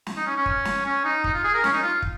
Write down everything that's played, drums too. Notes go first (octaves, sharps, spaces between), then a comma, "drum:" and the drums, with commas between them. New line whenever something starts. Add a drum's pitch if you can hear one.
drum: snare
D#4
C#4
C#4
drum: kick
drum: snare
C#4
D#4
D#4, drum: kick
F4
G#4
A#4
C#4, drum: snare
D#4
F4
drum: kick